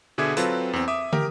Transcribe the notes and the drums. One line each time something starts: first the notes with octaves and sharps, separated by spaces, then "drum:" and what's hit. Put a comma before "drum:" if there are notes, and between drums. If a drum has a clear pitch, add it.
B2 D3 G#4 E5 D6 G#6
F#3 C4 F4 A4 B4, drum: hi-hat
E2 C4
E5 D6 D#6
G4 A#4, drum: tom